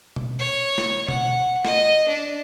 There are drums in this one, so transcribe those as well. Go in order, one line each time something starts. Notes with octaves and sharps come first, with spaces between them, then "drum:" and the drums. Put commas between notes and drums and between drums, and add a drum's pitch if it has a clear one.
drum: tom B2
C#5
drum: snare
F#5, drum: tom B2
D#5, drum: snare
D4